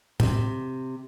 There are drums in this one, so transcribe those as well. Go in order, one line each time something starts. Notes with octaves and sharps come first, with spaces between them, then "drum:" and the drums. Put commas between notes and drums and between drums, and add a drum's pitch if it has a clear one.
C3, drum: tom A2